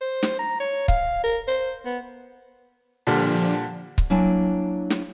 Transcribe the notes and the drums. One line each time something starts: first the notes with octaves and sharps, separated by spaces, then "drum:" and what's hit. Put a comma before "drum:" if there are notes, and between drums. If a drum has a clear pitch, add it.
C5
drum: snare
A#5
C#5
F5, drum: kick C#1
A#4
C5
B3
A#2 D3 F3 G3 D4
drum: kick C#1
F#3 A#3 D4 E4 G#5 A5
drum: snare